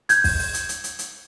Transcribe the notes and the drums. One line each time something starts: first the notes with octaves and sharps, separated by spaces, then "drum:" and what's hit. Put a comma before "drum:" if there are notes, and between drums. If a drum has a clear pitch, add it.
G6 G#6, drum: hi-hat
drum: kick, open hi-hat
drum: open hi-hat
drum: hi-hat
drum: hi-hat
drum: hi-hat
drum: hi-hat